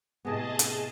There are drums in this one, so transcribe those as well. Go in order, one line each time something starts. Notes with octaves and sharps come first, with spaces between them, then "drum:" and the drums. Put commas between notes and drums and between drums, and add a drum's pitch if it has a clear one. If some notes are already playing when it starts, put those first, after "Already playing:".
A2 C3 B3 G#4 D#5 A5
drum: hi-hat